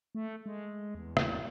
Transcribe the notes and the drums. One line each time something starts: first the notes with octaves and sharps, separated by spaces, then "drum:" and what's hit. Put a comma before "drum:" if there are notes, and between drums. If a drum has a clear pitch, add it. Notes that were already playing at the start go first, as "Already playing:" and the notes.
A3
G#3
E2
drum: rim click